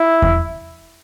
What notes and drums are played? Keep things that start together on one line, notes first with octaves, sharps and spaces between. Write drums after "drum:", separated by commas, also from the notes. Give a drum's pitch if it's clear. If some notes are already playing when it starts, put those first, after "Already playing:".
Already playing: E4
drum: kick E2